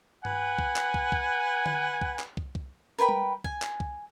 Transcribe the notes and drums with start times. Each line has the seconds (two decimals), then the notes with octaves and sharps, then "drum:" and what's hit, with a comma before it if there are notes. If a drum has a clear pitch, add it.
0.25 B4 F#5 G#5, drum: tom G2
0.59 drum: kick
0.76 drum: clap
0.94 drum: kick
1.12 drum: kick
1.66 drum: tom D3
2.01 drum: kick
2.19 drum: clap
2.37 drum: kick
2.55 drum: kick
2.98 A#4 B4 G5 B5
3.09 drum: tom G3
3.44 G#5, drum: kick
3.62 drum: clap
3.80 drum: kick